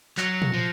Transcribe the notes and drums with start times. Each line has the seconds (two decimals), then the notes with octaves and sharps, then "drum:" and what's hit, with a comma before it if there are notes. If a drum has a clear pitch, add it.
0.17 F#3 F#6 A#6 C#7 F7, drum: clap
0.42 drum: tom A#2
0.54 F3